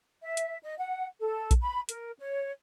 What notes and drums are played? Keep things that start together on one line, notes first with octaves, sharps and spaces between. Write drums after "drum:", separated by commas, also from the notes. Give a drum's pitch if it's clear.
E5
drum: hi-hat
D#5
F#5
A4
drum: kick A#1, hi-hat
B5
A#4, drum: hi-hat
C#5